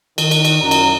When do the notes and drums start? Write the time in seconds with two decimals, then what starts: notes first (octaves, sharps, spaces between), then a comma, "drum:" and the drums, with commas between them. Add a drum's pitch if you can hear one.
0.18 D#3, drum: cymbal
0.31 drum: cymbal
0.45 drum: cymbal
0.62 F#2 A#5
0.71 drum: cymbal